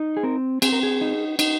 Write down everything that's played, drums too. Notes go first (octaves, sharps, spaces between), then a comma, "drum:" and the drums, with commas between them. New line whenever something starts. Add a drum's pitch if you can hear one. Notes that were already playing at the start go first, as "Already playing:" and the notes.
Already playing: D#4
G#4
C4 A#4
C4 G#4, drum: cymbal
A#4
G#4
D#4
D#4, drum: cymbal